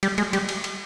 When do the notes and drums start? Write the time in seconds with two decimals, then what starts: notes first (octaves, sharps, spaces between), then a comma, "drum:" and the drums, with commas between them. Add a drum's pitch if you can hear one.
0.03 G3, drum: cymbal
0.18 G#3, drum: cymbal
0.33 G3, drum: cymbal
0.49 drum: cymbal
0.64 drum: cymbal